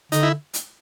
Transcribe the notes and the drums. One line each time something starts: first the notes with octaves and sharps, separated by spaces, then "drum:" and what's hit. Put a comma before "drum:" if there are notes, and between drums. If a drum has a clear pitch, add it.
D3 D#4, drum: hi-hat
E4
drum: hi-hat